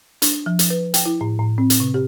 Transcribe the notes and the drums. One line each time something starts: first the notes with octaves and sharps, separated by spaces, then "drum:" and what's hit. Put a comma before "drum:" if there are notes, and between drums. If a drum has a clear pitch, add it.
D4, drum: hi-hat
F3
drum: hi-hat
B4
G5, drum: hi-hat
E4
A2
A2
C4
drum: hi-hat
C3
G4